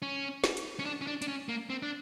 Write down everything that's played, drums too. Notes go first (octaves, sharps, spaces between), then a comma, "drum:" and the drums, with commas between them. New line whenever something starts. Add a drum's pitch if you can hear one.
C#4
drum: snare
drum: hi-hat
C#4
D4
C#4
D4
D4, drum: hi-hat
C#4
A#3
C4
D4